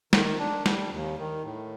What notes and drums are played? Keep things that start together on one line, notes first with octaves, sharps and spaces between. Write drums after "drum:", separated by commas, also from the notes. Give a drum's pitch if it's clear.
D#3, drum: snare
D4
G3, drum: snare
D#2
D#3
A2